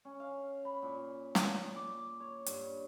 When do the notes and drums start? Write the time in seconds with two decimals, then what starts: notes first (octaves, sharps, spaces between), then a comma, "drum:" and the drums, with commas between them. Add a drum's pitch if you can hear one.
0.05 C#4
0.20 F5
0.65 B5
0.82 A#2
1.35 drum: snare
1.76 D6
2.20 C#5
2.46 G2, drum: hi-hat